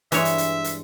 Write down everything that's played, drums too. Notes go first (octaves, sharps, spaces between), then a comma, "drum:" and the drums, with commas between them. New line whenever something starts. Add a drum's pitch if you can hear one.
G2 E3 G#3 C#5 E5, drum: hi-hat
drum: hi-hat
drum: hi-hat
drum: hi-hat